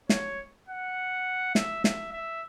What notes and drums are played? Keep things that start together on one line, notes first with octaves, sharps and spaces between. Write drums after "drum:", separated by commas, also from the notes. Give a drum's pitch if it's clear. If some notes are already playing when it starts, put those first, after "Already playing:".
C#5, drum: snare
F#5
E5, drum: snare
E5, drum: snare
E5